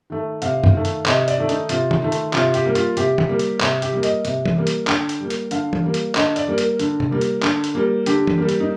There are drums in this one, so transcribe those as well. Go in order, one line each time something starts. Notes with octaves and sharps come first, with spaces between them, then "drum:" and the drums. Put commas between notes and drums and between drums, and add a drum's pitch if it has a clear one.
D#3 A3
C3 F5, drum: hi-hat
drum: tom F#2
D#3 A3
drum: hi-hat
C3 D#5, drum: clap
D5, drum: hi-hat
D#3 A3
D#4, drum: hi-hat
C3 F4, drum: hi-hat
drum: tom D3
D#3 A3
drum: hi-hat
C3 F4, drum: clap
G4, drum: hi-hat
G3 A#3
F4, drum: hi-hat
C3 G4, drum: hi-hat
drum: tom D3
G3 A#3
drum: hi-hat
C3, drum: clap
G4, drum: hi-hat
G3 A#3
D#5, drum: hi-hat
C3, drum: hi-hat
drum: tom E3
G3 A#3
drum: hi-hat
D3 G5, drum: clap
drum: hi-hat
G3 A#3
drum: hi-hat
D3 F5, drum: hi-hat
drum: tom E3
G3 A#3
drum: hi-hat
D3 D#5, drum: clap
D5, drum: hi-hat
G3 A#3
A#4, drum: hi-hat
D3, drum: hi-hat
drum: tom C3
G3 A#3
drum: hi-hat
D3, drum: clap
drum: hi-hat
G3 A#3
D3 G4, drum: hi-hat
drum: tom E3
G3 A#3
drum: hi-hat
D#4